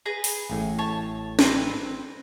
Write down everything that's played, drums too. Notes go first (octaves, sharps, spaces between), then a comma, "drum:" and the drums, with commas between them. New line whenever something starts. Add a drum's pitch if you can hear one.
G#4 B4 A#5
drum: open hi-hat
A1 A2
C#5 A5
C4 B4 A#5, drum: snare